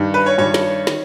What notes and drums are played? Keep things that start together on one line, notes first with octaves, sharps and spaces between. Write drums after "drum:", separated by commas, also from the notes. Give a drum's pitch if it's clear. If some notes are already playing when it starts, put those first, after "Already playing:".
Already playing: G2 D#3
B4
C#5
G2 D#3 C#5
drum: snare
D#3, drum: snare